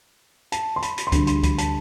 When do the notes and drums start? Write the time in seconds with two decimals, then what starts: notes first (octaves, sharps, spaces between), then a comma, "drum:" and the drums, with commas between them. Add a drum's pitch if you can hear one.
0.52 A5, drum: hi-hat
0.76 C6
0.82 B5, drum: hi-hat
0.98 drum: hi-hat
1.07 C6
1.12 D2 D3 G3 B5, drum: kick C#2, hi-hat
1.27 C6, drum: hi-hat
1.43 B5, drum: kick C#2, hi-hat
1.58 A5, drum: hi-hat